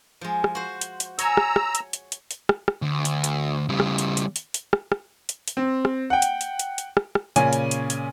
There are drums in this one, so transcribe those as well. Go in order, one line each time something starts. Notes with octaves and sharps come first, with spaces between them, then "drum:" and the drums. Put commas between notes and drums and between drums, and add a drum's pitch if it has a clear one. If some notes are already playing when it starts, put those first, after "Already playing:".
F3 G#3
drum: rim click
F#4 C5
drum: hi-hat
drum: hi-hat
C#5 G#5 A#5 E6, drum: hi-hat
drum: rim click
drum: rim click
drum: hi-hat
drum: hi-hat
drum: hi-hat
drum: hi-hat
drum: rim click
drum: rim click
D2
drum: hi-hat
drum: hi-hat
C#3 G3
drum: rim click
drum: hi-hat
drum: hi-hat
drum: hi-hat
drum: hi-hat
drum: rim click
drum: rim click
drum: hi-hat
drum: hi-hat
C4
drum: rim click
F#5 G5
drum: hi-hat
drum: hi-hat
drum: hi-hat
drum: hi-hat
drum: rim click
drum: rim click
A#2 C#3 C#4 G#5, drum: hi-hat
drum: hi-hat
drum: hi-hat
drum: hi-hat